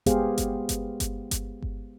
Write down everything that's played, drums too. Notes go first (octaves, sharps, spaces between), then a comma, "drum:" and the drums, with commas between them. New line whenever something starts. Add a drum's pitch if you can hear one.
G#3 B3 G4 G#4 C5 F5, drum: kick G1, hi-hat
drum: kick G1, hi-hat
drum: kick G1, hi-hat
drum: kick G1, hi-hat
drum: kick G1, hi-hat
drum: kick G1